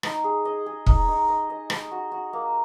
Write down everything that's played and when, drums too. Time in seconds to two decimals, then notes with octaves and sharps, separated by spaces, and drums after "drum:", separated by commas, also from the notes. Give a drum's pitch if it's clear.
0.03 D#4, drum: rim click
0.24 G#4
0.45 D#5
0.66 G#4
0.86 D#4, drum: kick
1.08 D#4
1.28 D#5
1.50 D#5
1.70 D#5, drum: rim click
1.91 F#4
2.12 F#4
2.33 A#3